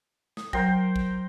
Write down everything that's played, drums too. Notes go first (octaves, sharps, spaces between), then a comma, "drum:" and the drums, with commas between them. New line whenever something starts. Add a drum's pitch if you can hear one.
D#6, drum: snare
F#3 A#4 C5 G5, drum: kick A1
drum: kick A1